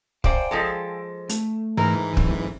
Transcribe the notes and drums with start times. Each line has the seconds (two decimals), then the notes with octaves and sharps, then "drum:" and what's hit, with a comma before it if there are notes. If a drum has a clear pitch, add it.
0.24 C5 D5 F5 G5 G#5, drum: kick
0.51 F3 G#3 A4
1.29 A3, drum: hi-hat
1.77 G#2 E3 A#4
2.17 D3 F#3 C4, drum: kick